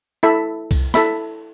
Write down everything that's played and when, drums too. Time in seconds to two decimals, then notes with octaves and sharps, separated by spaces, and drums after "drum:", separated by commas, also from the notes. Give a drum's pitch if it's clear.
0.23 E4 A4 E5 B5
0.71 drum: kick C2, cymbal
0.94 E4 A4 E5 B5, drum: snare